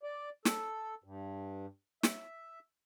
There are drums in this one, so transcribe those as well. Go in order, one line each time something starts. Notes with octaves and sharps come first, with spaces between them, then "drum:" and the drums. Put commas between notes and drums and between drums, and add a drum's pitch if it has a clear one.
D5
A4, drum: snare
G2
E5, drum: snare